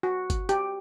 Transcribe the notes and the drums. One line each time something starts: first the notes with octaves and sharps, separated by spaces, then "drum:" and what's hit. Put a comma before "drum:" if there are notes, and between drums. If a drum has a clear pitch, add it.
F#4
drum: kick G1, hi-hat
G4, drum: hi-hat